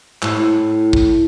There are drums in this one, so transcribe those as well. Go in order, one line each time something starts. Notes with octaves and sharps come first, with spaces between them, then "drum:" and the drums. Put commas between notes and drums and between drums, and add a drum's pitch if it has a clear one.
A2, drum: clap
drum: kick